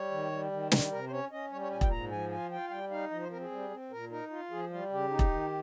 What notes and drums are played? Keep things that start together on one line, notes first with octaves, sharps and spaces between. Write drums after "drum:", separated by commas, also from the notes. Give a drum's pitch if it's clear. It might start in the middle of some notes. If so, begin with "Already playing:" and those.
Already playing: G3 C#5
D#3
G3
D#3
G3, drum: snare
C3 A#4
C5
C#4 C#5
C#4 D#5
G3 C#5
C#5
A#2 G#5
G5, drum: kick E1
G#2 A#5
F3 G#5
F4 G#5
F4 G5
F5
G3 G5
D#4 F5
F3 D#5
C5
C4 A#4
G#4
G3
C4
A#2 A#4
D#4 A#4
F4
F3 G#4
G3 F4
C#3 G4
D#4
drum: kick E1
D#3